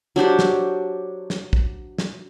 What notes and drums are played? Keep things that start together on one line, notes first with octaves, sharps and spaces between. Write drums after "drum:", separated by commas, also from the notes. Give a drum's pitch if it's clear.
F#3 D4 G4 C5
drum: snare
drum: snare
drum: kick
drum: snare